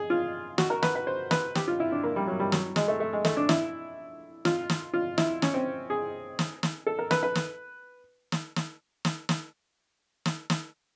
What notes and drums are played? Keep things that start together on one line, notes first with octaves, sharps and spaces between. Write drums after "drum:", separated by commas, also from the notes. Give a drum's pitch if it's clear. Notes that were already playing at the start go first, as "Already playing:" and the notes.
Already playing: G#4
F4
F#4, drum: snare
A#4
B4, drum: snare
B4
C5
B4, drum: snare
G4, drum: snare
F4
E4
D4
A#3
G3
F#3
G3
F#3, drum: snare
G#3, drum: snare
A3
A3
G#3
A3, drum: snare
D4
E4, drum: snare
F4, drum: snare
drum: snare
F4
E4, drum: snare
C#4, drum: snare
C4
G#4
drum: snare
drum: snare
A4
A#4
B4, drum: snare
B4
drum: snare
drum: snare
drum: snare
drum: snare
drum: snare
drum: snare
drum: snare